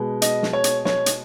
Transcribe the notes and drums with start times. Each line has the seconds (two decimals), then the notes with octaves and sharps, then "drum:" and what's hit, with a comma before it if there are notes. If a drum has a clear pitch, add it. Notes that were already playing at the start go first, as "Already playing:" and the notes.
Already playing: B2 G#3 B3
0.22 D#5, drum: hi-hat
0.43 drum: snare
0.53 C#5
0.64 drum: hi-hat
0.85 C#5, drum: snare
1.06 drum: hi-hat